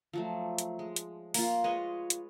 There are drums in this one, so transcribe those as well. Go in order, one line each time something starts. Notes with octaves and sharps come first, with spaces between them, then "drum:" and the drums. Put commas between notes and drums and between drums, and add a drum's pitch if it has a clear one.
F3 F#3 A3
drum: hi-hat
G#3
drum: hi-hat
A#3 F4, drum: open hi-hat
G#3 B4 C#5 D#5
drum: hi-hat